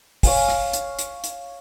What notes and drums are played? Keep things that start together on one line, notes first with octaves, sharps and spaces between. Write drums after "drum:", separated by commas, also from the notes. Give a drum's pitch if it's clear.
C#5 F5 G#5, drum: kick, open hi-hat
drum: rim click
drum: hi-hat
drum: hi-hat
drum: hi-hat